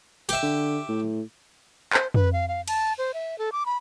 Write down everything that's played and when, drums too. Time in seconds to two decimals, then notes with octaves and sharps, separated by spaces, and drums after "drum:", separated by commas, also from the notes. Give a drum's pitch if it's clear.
0.29 G4 E5, drum: hi-hat
0.42 D3
0.89 A2
1.93 C5, drum: clap
2.14 B4, drum: tom F2
2.33 F5
2.48 F5
2.68 A5, drum: cymbal
2.98 C5
3.14 E5
3.38 A4
3.52 D6
3.66 B5